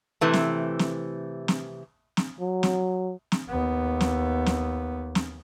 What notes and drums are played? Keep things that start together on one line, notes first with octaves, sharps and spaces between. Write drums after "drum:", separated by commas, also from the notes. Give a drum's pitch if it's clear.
C3 E3 A3
drum: snare
drum: snare
drum: snare
drum: snare
F#3
drum: snare
drum: snare
D#2 B3
drum: snare
drum: snare
drum: snare